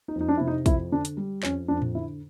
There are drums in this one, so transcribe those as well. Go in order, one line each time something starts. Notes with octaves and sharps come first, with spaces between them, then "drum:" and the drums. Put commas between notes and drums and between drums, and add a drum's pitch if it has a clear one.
D#4
F2
D#4
D4
C3 E4
D#4
F2 E4, drum: kick, hi-hat
D3 D4
drum: hi-hat
G3
F2 C#4, drum: clap
F2 D4
drum: tom A2
D3 E4